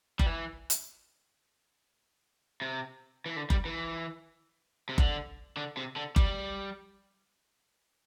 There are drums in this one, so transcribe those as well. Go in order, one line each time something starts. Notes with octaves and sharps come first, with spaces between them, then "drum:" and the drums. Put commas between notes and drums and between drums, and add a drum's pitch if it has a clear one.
G3, drum: kick F#1
E3
drum: hi-hat
C3
E3
D3
G3, drum: kick F#1
E3
C3
D3, drum: kick F#1
D3
C3
D3
G3, drum: kick F#1